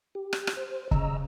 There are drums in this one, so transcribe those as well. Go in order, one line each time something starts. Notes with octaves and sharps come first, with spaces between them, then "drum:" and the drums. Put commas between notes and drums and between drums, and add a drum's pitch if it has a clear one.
G4
drum: rim click
drum: rim click
C5
C#3 D#5 A#5 E6, drum: kick